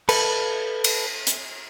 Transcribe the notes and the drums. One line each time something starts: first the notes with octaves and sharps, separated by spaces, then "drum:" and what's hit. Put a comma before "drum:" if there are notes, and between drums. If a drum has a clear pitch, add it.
A4 B4, drum: cymbal
drum: cymbal
drum: hi-hat